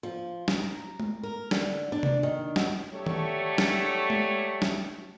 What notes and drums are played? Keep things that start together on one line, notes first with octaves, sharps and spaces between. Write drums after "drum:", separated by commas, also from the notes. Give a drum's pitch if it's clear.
F3
drum: snare
A#5
drum: tom G#3
A#4
D3, drum: snare
D4
drum: tom C3
D#3
F#2, drum: snare
F#3 A3 G4 A4 C#5 D5
drum: tom D#3
drum: snare
drum: tom G#3
drum: snare